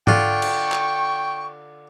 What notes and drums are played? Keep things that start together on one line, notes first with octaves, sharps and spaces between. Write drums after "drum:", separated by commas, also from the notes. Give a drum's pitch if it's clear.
D3 F4 G5 C#6, drum: tom G#2
drum: cymbal
drum: clap